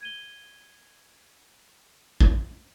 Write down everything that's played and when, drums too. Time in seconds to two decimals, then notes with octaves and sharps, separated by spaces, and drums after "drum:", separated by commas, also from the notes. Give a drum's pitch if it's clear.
0.01 G#6 D#7 G7
2.20 drum: kick